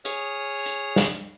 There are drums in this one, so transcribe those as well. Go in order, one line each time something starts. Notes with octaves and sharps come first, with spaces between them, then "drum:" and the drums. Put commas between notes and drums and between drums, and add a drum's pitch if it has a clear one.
G#4 C#5 D#6 F6, drum: hi-hat
drum: hi-hat
drum: snare